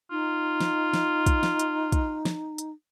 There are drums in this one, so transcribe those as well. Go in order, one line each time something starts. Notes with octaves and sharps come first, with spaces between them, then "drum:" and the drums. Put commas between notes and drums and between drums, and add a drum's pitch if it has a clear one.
D#4 F4
drum: snare
drum: snare
drum: kick, hi-hat
drum: snare
drum: hi-hat
drum: kick, hi-hat
drum: snare
drum: hi-hat